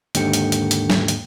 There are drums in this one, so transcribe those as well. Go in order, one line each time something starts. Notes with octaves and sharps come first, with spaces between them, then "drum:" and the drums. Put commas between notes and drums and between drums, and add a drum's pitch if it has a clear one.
D#2 G#2 D3 G5 C#7, drum: hi-hat
drum: hi-hat
drum: hi-hat
drum: hi-hat
drum: snare
drum: hi-hat